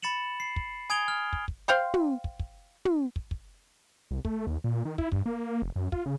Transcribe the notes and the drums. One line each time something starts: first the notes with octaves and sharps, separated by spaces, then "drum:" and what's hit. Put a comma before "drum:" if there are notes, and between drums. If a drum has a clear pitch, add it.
B5 A6 C#7 E7 F#7
C7
drum: kick
G#5 D#6 G#6 D7 F7 G7
F6
drum: kick
drum: kick
C5 F5 G5 C6
drum: tom
drum: kick
drum: kick
drum: tom
drum: kick
drum: kick
C2
A3, drum: kick
D#2
A#2
D#3
E4, drum: kick
G2, drum: kick
A#3
F1
F#2
F4, drum: kick
C#3